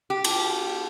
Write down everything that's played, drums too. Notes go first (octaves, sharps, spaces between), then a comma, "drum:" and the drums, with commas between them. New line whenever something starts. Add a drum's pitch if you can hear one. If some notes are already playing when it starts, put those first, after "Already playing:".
G4
drum: cymbal